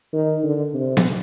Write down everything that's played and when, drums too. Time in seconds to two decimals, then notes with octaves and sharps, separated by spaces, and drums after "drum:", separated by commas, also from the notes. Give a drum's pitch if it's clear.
0.13 D#3
0.43 D3
0.74 C3
0.97 drum: snare B3